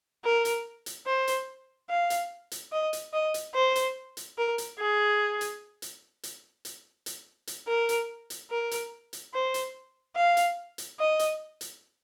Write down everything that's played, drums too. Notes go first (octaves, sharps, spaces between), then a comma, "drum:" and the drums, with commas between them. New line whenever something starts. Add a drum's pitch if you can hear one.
A#4
drum: hi-hat
drum: hi-hat
C5
drum: hi-hat
F5
drum: hi-hat
drum: hi-hat
D#5
drum: hi-hat
D#5
drum: hi-hat
C5
drum: hi-hat
drum: hi-hat
A#4
drum: hi-hat
G#4
drum: hi-hat
drum: hi-hat
drum: hi-hat
drum: hi-hat
drum: hi-hat
drum: hi-hat
A#4
drum: hi-hat
drum: hi-hat
A#4
drum: hi-hat
drum: hi-hat
C5
drum: hi-hat
F5
drum: hi-hat
drum: hi-hat
D#5
drum: hi-hat
drum: hi-hat